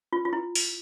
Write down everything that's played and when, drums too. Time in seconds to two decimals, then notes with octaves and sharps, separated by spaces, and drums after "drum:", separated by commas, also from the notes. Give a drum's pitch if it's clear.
0.13 F4
0.25 F4
0.33 E4
0.55 drum: open hi-hat